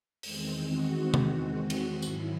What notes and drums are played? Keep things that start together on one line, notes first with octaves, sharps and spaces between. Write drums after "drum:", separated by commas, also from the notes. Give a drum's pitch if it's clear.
E2 D#3 G#3 C4, drum: open hi-hat
F#4
F#4, drum: tom C3
F#4
drum: cymbal
G#2 D#3 F#3 E4, drum: tambourine